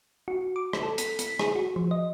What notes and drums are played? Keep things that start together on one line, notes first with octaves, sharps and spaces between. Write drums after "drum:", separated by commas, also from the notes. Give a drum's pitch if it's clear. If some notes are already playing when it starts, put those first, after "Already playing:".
F#4
D6
drum: rim click
A4
B6, drum: hi-hat
B6, drum: hi-hat
G#4, drum: rim click
F#4
F3
D#5